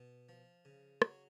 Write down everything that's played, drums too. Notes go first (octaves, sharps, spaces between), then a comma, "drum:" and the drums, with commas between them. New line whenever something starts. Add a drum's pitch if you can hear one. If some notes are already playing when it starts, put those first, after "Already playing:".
Already playing: B2
F3
C#3
F#3 C#5, drum: rim click